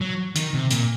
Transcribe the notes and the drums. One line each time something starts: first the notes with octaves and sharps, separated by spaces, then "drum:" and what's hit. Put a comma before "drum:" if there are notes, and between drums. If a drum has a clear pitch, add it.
F#3
D#3, drum: hi-hat
C3
A#2, drum: hi-hat